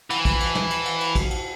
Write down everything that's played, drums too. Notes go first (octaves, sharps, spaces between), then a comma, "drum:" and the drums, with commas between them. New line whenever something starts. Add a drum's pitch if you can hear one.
E3, drum: cymbal
drum: kick, cymbal
drum: cymbal
drum: snare
drum: cymbal
drum: cymbal
drum: cymbal
drum: kick, cymbal
drum: cymbal